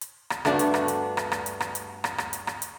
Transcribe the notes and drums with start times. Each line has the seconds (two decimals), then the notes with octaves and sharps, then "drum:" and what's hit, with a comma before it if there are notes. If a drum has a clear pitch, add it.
0.01 drum: hi-hat
0.30 drum: rim click
0.45 G2 A3 B3 D4 F#4, drum: rim click
0.59 drum: hi-hat
0.74 drum: rim click
0.88 drum: hi-hat
1.17 drum: rim click
1.32 drum: rim click
1.46 drum: hi-hat
1.60 drum: rim click
1.75 drum: hi-hat
2.04 drum: rim click
2.18 drum: rim click
2.33 drum: hi-hat
2.47 drum: rim click
2.62 drum: hi-hat